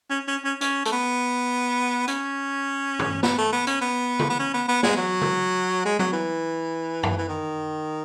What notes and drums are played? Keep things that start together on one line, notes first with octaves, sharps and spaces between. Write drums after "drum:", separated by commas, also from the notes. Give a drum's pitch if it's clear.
C#4
C#4
C#4
C#4, drum: hi-hat
A3, drum: hi-hat
B3
C#4, drum: hi-hat
drum: tom G2
B3, drum: snare
A3
B3
C#4, drum: hi-hat
B3
drum: tom C#3
B3
C#4
B3
B3
G#3, drum: snare
F#3
drum: tom C#3
G#3
F#3, drum: tom F#3
E3
drum: tom F#2
E3
D#3